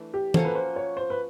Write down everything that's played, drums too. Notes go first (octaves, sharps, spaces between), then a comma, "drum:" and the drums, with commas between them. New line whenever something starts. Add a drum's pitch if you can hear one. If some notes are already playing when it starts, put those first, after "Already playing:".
Already playing: E3 A3 D4
G4
F3 A#3 C#4 F#4 A4, drum: tom E3
B4
C5
C#5
C5
B4